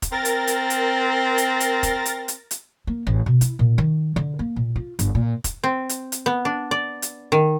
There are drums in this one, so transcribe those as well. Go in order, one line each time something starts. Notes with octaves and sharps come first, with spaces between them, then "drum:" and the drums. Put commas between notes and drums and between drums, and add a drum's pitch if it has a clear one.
drum: kick, hi-hat
C4 A#4 A6 A#6
drum: hi-hat
drum: hi-hat
drum: hi-hat
drum: hi-hat
drum: hi-hat
drum: kick, hi-hat
drum: hi-hat
drum: hi-hat
drum: hi-hat
A#3
A1
B2
E4, drum: hi-hat
A#2
D#3
D3
A#3
A#2
F4
G1, drum: hi-hat
A#2
drum: kick, hi-hat
C4
drum: hi-hat
drum: hi-hat
B3
D4
D5
drum: hi-hat
D#3